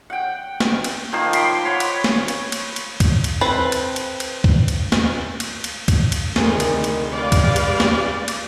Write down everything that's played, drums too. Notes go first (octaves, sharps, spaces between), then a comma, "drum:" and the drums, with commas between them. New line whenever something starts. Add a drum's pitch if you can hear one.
F#5 G5
drum: snare
drum: cymbal
D#3 F3 A#3 C5
B5 C6 D6, drum: cymbal
C#5 F#5 B5
drum: cymbal
drum: snare
drum: cymbal
drum: cymbal
drum: cymbal
drum: kick, cymbal
drum: cymbal
C4 A4 B4
drum: cymbal
drum: cymbal
drum: cymbal
drum: kick
drum: cymbal
drum: snare
drum: cymbal
drum: cymbal
drum: kick, cymbal
drum: cymbal
F1 D2 D#3 G#4, drum: snare
drum: cymbal
drum: cymbal
G4 B4 D5 F5
drum: kick, cymbal
G#3
drum: cymbal
drum: snare
drum: cymbal